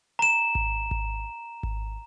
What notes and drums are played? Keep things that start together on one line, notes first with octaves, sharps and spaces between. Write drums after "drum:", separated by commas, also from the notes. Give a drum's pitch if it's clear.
A#5 E7
drum: kick G#1
drum: kick G#1
drum: kick G#1